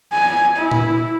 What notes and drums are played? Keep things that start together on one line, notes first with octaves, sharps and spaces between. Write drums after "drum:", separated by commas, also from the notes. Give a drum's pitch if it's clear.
G#5
E4
drum: tom A#2